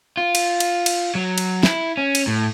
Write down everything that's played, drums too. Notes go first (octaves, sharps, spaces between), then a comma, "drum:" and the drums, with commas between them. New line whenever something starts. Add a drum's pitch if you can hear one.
F4
drum: cymbal
drum: cymbal
drum: cymbal
F#3
drum: cymbal
E4, drum: snare
C#4
drum: cymbal
A2